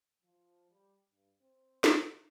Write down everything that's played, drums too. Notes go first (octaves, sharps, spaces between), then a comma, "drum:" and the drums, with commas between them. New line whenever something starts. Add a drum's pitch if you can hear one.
F3
G3
G2
C4
C#3, drum: snare